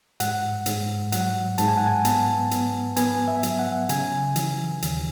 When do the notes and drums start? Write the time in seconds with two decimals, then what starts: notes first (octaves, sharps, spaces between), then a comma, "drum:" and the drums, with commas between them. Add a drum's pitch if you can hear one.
0.20 G#2 F#5, drum: hi-hat
0.66 G#2, drum: hi-hat
1.12 F#3 F#5, drum: hi-hat
1.58 G#2 A5, drum: hi-hat
1.68 G#5
1.77 F#5
1.87 G#5
2.05 B3 A5, drum: hi-hat
2.51 B3, drum: hi-hat
2.96 B3 G#5, drum: hi-hat
3.28 E5
3.43 F#3, drum: hi-hat
3.59 F#5
3.89 C#3 G#5, drum: hi-hat
4.36 E3, drum: hi-hat
4.82 D#2, drum: hi-hat